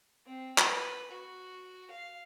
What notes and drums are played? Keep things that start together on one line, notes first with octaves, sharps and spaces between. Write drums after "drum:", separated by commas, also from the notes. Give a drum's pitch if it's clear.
C4
B4, drum: clap
F#4
F5